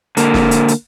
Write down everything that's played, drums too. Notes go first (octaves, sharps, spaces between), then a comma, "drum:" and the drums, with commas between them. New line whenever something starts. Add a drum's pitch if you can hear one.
D3 A#3, drum: hi-hat
drum: snare
drum: hi-hat
drum: hi-hat